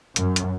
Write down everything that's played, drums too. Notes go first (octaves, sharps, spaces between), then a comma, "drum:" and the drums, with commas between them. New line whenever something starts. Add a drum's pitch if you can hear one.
F#2, drum: hi-hat
drum: hi-hat